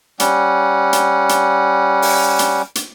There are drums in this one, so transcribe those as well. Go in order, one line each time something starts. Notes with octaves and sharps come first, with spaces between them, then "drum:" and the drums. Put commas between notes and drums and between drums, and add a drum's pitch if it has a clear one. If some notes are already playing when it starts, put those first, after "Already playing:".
G3 C#4 F#5, drum: hi-hat
drum: hi-hat
drum: hi-hat
drum: open hi-hat
drum: hi-hat
drum: hi-hat